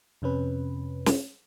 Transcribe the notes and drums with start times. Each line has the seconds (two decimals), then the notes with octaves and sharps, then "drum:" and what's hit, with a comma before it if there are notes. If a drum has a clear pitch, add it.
0.22 F2 C3 C#4 B4
1.06 drum: snare